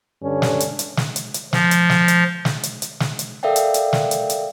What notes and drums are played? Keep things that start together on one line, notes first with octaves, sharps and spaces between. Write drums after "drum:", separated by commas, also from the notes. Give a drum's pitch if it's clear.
G2 D3 C#4
drum: snare
drum: hi-hat
drum: hi-hat
drum: snare
drum: hi-hat
drum: hi-hat
F3, drum: snare
drum: hi-hat
drum: snare
drum: hi-hat
drum: snare
drum: hi-hat
drum: hi-hat
drum: snare
drum: hi-hat
A4 A#4 D5 E5 F5 G5
drum: hi-hat
drum: hi-hat
drum: snare
drum: hi-hat
drum: hi-hat